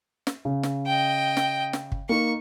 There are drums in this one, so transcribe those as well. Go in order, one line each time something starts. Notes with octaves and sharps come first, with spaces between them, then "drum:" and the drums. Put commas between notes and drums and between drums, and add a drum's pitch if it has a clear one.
drum: snare
C#3
drum: snare
D#5 G5
drum: snare
drum: snare
drum: kick G1
A#3 D#4 C#6